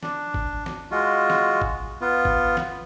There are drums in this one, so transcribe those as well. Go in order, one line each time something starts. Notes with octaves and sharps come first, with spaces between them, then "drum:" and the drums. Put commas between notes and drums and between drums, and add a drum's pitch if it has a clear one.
D4, drum: snare
drum: kick G#1
drum: snare
G#3 F4 F#4
drum: snare
drum: kick G#1
B3 F4
drum: kick G#1
drum: snare